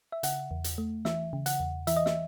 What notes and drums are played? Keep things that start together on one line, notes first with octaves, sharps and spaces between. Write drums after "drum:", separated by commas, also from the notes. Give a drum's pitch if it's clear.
E5
C#3 F#5, drum: hi-hat
E2
drum: hi-hat
A3
E3 E5, drum: snare
C#3
F#5, drum: hi-hat
E2
E3 E5, drum: hi-hat
D#5
E5, drum: snare